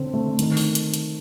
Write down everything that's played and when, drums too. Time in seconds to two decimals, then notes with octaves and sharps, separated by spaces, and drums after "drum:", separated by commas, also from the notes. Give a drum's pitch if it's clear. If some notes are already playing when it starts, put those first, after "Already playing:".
Already playing: D3 C4
0.14 A3
0.39 D#3, drum: hi-hat
0.57 drum: open hi-hat
0.75 drum: hi-hat
0.94 drum: hi-hat